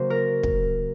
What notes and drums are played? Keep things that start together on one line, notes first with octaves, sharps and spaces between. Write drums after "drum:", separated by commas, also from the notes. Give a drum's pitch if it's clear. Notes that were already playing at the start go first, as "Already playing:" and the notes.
Already playing: C#3 F#3 A#3 F#4 C5
A#4
drum: kick